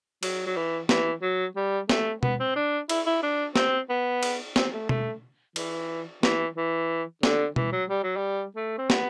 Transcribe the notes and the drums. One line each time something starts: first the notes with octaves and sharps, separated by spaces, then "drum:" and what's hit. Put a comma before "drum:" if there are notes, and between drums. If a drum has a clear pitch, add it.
F#3, drum: cymbal
F#3
E3
E3, drum: snare
F#3
G3
A3, drum: snare
B3, drum: tom B2
C4
D4
E4, drum: cymbal
E4
D4
C4, drum: snare
B3
drum: cymbal
C4, drum: snare
A3
A3, drum: tom B2
E3, drum: cymbal
E3, drum: snare
E3
D3, drum: snare
E3, drum: tom B2
F#3
G3
F#3
G3
A3
C4
B3, drum: snare